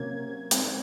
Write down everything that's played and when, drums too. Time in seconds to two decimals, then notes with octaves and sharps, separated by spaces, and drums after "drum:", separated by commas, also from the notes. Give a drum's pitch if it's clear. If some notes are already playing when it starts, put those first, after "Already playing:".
Already playing: C3 F#3 A#3 C#4 G#6
0.51 D#3 G#3 C4, drum: hi-hat